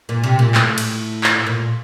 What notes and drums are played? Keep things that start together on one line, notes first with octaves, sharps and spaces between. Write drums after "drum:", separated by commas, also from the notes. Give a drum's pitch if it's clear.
A#2
C3
A#2
A2, drum: clap
drum: cymbal
drum: clap
A#2